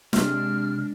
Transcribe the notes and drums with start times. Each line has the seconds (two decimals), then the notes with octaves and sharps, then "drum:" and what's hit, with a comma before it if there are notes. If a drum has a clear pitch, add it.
0.13 C3 G#3 D4 F6, drum: snare